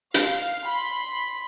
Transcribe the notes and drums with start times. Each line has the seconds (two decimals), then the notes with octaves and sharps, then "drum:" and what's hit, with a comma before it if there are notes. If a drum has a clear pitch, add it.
0.14 F5, drum: hi-hat
0.65 B5 C6